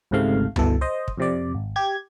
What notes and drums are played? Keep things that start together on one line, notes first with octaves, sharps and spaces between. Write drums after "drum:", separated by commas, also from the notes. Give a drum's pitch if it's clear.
G#1 C#2 G#2 C3 A3 F5
G1 B2 E3 A4, drum: tom C#2
C5 D#5
drum: kick
F2 C3 D5
G#1
G4 G#6